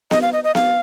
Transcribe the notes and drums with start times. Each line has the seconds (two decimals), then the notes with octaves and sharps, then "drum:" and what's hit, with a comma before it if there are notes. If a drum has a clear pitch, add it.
0.11 D#5, drum: snare B3
0.22 F5
0.33 D#5
0.44 D#5
0.55 F5, drum: snare B3